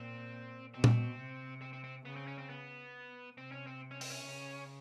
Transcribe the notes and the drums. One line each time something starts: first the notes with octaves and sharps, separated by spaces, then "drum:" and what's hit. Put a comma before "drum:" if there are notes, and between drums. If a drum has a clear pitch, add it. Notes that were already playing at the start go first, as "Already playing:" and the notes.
Already playing: A#2 C4
B2 C4
drum: tom A#2
C3
C4
C4
C4
C#3 B3
C4
C#4
C4
B3
C3 C4
C#4
C4
C#4
C4, drum: open hi-hat
C#4
C#3